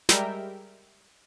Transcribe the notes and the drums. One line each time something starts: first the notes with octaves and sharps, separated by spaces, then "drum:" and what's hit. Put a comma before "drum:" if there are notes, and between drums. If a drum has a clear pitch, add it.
G3 G#3 A#4 E5 G5, drum: snare